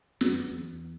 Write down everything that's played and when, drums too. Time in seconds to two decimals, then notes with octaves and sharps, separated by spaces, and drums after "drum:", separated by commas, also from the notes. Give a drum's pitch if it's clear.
0.21 F#2 F#3 B3, drum: snare
0.51 E2